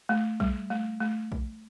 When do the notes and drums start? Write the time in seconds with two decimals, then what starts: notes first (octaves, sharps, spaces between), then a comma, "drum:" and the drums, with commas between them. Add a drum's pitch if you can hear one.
0.09 A3
0.40 G3, drum: kick A#1
0.71 A3
1.00 A3
1.32 drum: kick A#1